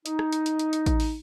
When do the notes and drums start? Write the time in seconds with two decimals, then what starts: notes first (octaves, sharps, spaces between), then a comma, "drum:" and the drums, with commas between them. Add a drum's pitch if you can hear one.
0.06 D#4, drum: hi-hat
0.19 drum: rim click
0.33 drum: hi-hat
0.46 drum: hi-hat
0.59 drum: hi-hat
0.73 drum: hi-hat
0.86 drum: kick A1, hi-hat
1.00 drum: open hi-hat